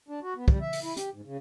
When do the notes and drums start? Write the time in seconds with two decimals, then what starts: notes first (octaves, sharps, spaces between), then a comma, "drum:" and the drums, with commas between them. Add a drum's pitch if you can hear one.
0.08 D4
0.22 F#4
0.35 B3
0.48 G3, drum: kick
0.61 E5
0.73 drum: open hi-hat
0.83 E4
0.97 G4, drum: hi-hat
1.13 G#2
1.25 C#3